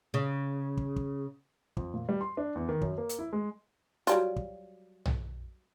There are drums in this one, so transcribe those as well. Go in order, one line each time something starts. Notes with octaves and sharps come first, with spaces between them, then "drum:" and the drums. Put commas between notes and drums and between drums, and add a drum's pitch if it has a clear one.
C#3
drum: kick
drum: kick
F2, drum: kick
A#2
G3
C6
D4
E2
D#3
F#2, drum: kick
A#3
drum: hi-hat
E4
G#3
F#3 G3 F4, drum: hi-hat
drum: kick
drum: tom B1